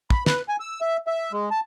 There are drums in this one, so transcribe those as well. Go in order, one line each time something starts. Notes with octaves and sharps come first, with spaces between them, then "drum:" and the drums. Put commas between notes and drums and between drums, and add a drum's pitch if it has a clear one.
B5, drum: kick
B4, drum: snare
G#5
E6
E5
E5
G#3
A5